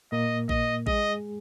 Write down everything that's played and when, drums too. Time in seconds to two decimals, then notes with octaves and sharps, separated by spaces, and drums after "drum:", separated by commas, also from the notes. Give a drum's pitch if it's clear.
0.12 A#2 A#3 D#5
0.49 D#5, drum: kick A1
0.87 G#3 G#4 D#5, drum: kick A1